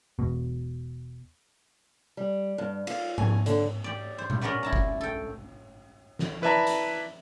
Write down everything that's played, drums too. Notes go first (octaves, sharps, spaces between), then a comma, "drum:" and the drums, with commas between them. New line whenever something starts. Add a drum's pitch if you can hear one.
E1 B2
G3
G2
F4, drum: cymbal
G#5, drum: tom G#2
D3, drum: hi-hat
G4 D5
C5
drum: tom A#2
B3 C#4 A#4 B4 D5 F#5
E4 A5 A#5
drum: kick F#1
A4 G5
drum: snare
E4 B4 D5 E5 A5 A#5
drum: hi-hat